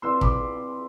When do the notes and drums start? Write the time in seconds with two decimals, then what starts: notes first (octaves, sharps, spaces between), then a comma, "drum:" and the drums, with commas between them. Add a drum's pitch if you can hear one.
0.02 C4 E4 B4 D5 F5 C6 E6
0.21 B5 D6, drum: kick